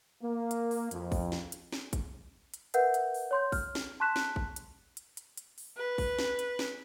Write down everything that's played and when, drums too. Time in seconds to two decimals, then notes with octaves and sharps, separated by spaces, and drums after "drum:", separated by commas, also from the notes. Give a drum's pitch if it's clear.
0.23 A#3
0.51 drum: hi-hat
0.71 drum: open hi-hat
0.91 F2, drum: hi-hat
1.12 drum: kick, open hi-hat
1.32 drum: snare
1.52 drum: hi-hat
1.72 drum: snare
1.93 drum: kick, hi-hat
2.54 drum: hi-hat
2.74 A#4 B4 E5 F#5 G6, drum: hi-hat
2.94 drum: hi-hat
3.14 drum: open hi-hat
3.31 C#5 C6 G6
3.52 F6, drum: kick, open hi-hat
3.75 drum: snare
4.00 A5 C6 C#6 F#6 B6 E7
4.16 drum: snare
4.36 drum: kick
4.56 drum: hi-hat
4.97 drum: hi-hat
5.17 drum: hi-hat
5.37 drum: hi-hat
5.58 drum: open hi-hat
5.77 B4
5.98 drum: kick, open hi-hat
6.19 drum: snare
6.39 drum: hi-hat
6.59 drum: snare